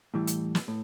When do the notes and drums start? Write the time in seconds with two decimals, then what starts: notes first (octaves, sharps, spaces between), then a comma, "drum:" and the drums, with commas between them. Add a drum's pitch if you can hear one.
0.14 A2 E3 G3
0.27 drum: hi-hat
0.55 drum: snare
0.68 A2